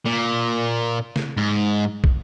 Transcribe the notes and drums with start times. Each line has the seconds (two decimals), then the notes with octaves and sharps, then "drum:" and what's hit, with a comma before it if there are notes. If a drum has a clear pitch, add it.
0.06 A#2
1.16 drum: snare
1.37 G#2
2.04 drum: kick